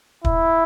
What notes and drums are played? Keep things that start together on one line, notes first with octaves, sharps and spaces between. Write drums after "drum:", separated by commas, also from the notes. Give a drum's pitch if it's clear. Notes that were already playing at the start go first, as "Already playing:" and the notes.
E4, drum: kick